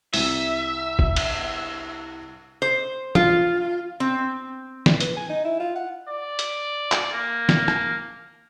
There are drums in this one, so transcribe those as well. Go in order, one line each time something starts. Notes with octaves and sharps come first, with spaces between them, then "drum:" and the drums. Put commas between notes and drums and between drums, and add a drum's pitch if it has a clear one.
C2 E5 D#7, drum: open hi-hat
drum: kick F#1
drum: cymbal
C5
F4, drum: tom
C4
drum: snare
B4, drum: hi-hat
G#5
D#4
E4
F4
F#5
D5
drum: hi-hat
drum: clap
A#3
drum: snare
drum: rim click